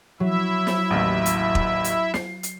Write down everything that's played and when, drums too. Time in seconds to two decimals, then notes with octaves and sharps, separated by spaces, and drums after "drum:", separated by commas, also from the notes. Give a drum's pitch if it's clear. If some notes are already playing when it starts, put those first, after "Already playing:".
0.20 F#3 E4 E5
0.67 drum: snare
0.91 A1 D#2
1.26 drum: hi-hat
1.55 drum: kick E1
1.84 drum: hi-hat
2.14 C7, drum: snare
2.43 drum: hi-hat